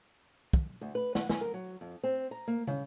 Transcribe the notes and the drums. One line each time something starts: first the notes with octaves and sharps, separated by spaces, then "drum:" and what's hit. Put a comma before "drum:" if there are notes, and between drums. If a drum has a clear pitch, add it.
drum: kick
D2
B4
F#5, drum: snare
G#5, drum: snare
A#4
F#3
F2
C4
A#5
A#3
C#3, drum: tom